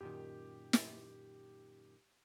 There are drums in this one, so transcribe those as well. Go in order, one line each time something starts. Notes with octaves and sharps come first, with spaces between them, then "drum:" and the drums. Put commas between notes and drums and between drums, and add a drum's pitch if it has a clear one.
F#2 A#2 D#3 G4
drum: snare